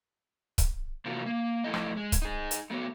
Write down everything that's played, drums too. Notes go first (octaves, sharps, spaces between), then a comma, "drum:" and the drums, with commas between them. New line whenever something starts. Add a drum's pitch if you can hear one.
drum: kick C#1, hi-hat
C3 E3 A#3 F4 F#4
A#3
F2 A3 E4 A4 D#5
drum: rim click
G#3
drum: kick C#1, hi-hat
D#4 G#4
drum: hi-hat
A3 B3 F#4 C#5